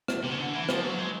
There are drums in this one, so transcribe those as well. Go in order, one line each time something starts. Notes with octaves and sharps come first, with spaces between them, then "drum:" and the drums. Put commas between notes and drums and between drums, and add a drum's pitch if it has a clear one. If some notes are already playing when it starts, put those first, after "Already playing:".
drum: rim click
C3
C#3
D3
E3
F3, drum: rim click
F#3
G#3